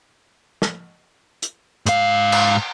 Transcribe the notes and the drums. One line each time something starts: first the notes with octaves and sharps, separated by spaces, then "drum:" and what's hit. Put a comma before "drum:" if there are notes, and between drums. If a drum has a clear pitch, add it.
drum: snare
drum: hi-hat
G#2 F5, drum: hi-hat
drum: cymbal